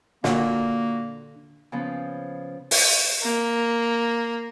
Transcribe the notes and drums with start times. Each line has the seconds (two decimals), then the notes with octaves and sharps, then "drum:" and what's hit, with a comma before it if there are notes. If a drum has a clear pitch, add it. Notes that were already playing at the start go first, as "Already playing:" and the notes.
0.24 A#2 D3 A#3 F#4, drum: snare
1.72 C#3 F3 B3
2.71 drum: open hi-hat
3.22 A#3